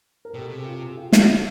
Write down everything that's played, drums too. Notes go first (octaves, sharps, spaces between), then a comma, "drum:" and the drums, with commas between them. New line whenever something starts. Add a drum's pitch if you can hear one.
A#4
B2 G4 A4
C3
G#4
F4 G4
G4 A4
F4 G4
D#3, drum: snare
D3